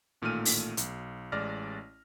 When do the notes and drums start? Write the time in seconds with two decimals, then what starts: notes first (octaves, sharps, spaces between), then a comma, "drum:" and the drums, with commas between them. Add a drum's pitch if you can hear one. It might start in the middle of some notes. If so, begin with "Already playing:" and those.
0.22 A1 A#2 D#3 A3 F6 D#7
0.45 drum: open hi-hat
0.77 B1, drum: hi-hat
1.32 A1 G#3 D5 F6 A#6